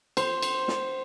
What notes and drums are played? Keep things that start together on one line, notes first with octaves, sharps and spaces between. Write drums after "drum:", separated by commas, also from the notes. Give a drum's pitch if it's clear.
C5, drum: cymbal
drum: cymbal
drum: snare